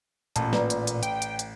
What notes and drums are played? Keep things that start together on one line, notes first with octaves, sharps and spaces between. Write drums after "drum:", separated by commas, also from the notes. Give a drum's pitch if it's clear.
A1 A#2 A5, drum: hi-hat
B4 D5 A#5, drum: snare
drum: hi-hat
drum: hi-hat
G5, drum: hi-hat
drum: hi-hat
drum: hi-hat